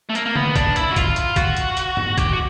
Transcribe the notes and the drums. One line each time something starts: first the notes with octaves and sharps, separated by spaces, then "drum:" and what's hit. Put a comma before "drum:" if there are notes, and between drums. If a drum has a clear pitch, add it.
A3
A#3, drum: hi-hat
A#3
B3, drum: tom C3
D4, drum: kick, hi-hat
E4, drum: hi-hat
F#4
F4, drum: kick, hi-hat
drum: hi-hat
F#4, drum: kick, hi-hat
drum: hi-hat
drum: hi-hat
drum: tom G2
G4, drum: kick, hi-hat
F#4